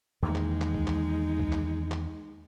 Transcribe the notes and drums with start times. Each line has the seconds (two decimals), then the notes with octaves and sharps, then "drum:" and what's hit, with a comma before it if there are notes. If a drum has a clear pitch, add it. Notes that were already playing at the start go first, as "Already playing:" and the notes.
0.22 E2 D#3 G#3 A#3 D#4
0.35 drum: clap
0.61 drum: clap
0.74 drum: kick C#2
0.87 drum: clap
1.39 drum: kick C#2
1.53 drum: clap
1.92 drum: clap